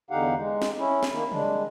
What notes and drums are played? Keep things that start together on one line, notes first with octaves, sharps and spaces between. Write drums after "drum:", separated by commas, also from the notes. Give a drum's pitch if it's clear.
E2 D3 D#4 G4 F5 F#5
G#3
drum: snare
C#4 E4
drum: snare
D#3 A#3
G3 G#3 D4, drum: tom